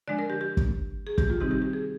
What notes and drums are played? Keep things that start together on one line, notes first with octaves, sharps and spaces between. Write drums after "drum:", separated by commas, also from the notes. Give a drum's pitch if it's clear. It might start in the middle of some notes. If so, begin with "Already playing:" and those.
D3 F3 G#3 D4 D5
A#4
G4
G4
drum: kick
G#4
G4, drum: kick
F4
C3 D#3 G3 C4 D#4 G4
G4
G4
G#4